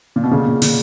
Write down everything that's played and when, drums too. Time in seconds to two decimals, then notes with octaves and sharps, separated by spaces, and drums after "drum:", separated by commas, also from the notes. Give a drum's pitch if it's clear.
0.16 A#2
0.24 B2
0.31 A#2 C#3
0.47 A#2
0.62 A#2, drum: open hi-hat